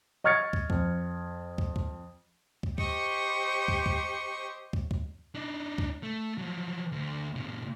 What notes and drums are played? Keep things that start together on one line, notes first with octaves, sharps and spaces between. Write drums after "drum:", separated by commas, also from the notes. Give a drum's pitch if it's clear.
D#5 C#6 F6 G#6 A6 C#7
drum: kick
F2, drum: kick
drum: kick
drum: kick
drum: kick
G4 C5 D#5 C#6 C#7, drum: kick
drum: kick
drum: kick
drum: kick
drum: kick
D4 D#4
drum: kick
A3
F3 F#3
D2
A#2 C#3